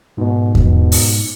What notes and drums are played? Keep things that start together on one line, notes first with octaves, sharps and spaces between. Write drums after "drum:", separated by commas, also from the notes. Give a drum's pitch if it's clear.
G#2 B2
B2, drum: kick E2
drum: open hi-hat